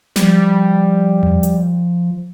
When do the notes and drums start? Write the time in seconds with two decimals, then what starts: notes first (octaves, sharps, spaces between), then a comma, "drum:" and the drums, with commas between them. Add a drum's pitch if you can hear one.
0.16 F3 G3, drum: snare
1.23 drum: tom E2
1.43 drum: hi-hat